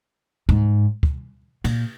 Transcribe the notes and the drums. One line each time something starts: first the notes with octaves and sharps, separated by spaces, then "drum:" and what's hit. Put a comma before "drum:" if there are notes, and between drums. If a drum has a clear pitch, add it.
G#2, drum: kick
drum: kick
A#2, drum: cymbal